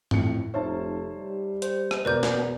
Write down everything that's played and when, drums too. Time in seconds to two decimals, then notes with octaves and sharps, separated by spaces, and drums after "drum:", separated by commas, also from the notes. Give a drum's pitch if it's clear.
0.11 F2 A2 C#7, drum: tom G2
0.54 F1 D#4 C5 C#5 E5 A5
1.16 G3
1.62 C5, drum: hi-hat
1.91 drum: rim click
2.05 E1 A#4 B4 D5 D6 G6
2.23 drum: snare